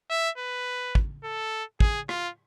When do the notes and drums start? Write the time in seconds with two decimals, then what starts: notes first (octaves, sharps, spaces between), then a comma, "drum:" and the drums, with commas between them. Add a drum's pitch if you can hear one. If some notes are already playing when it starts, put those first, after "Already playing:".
0.10 E5
0.38 B4
0.95 drum: kick
1.24 A4
1.80 G#4, drum: kick
2.09 F4, drum: rim click